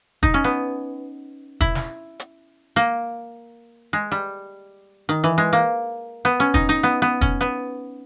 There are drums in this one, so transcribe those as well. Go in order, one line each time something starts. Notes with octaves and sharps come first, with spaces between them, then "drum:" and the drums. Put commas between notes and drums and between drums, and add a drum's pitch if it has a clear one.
D#4, drum: kick
C#4
B3
E4, drum: kick
drum: snare
drum: hi-hat
A#3
G#3
G3
D#3
E3
G#3
A#3
B3
C#4
D#4, drum: kick
D#4
B3
B3
C#4, drum: kick
B3, drum: hi-hat